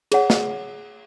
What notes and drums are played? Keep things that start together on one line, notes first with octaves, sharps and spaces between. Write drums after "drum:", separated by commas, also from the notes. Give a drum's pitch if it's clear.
G#4 C#5 F#5, drum: cymbal
drum: snare